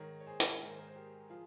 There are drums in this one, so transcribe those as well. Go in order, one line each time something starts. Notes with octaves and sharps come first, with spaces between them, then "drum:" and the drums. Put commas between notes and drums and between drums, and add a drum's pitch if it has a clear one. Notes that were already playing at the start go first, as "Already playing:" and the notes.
Already playing: G#2 D#3 A#4 C#5
C#5
G#4 C5
drum: hi-hat
G#2 D#3 A#4
C5
A#4
C5
G4 A#4
F3 F4 G#4